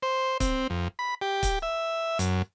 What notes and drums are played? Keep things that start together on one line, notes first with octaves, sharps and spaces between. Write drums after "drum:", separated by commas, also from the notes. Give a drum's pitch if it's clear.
C5
C4, drum: kick C#1, hi-hat
F2
B5
G4
drum: kick C#1, hi-hat
E5
F#2, drum: hi-hat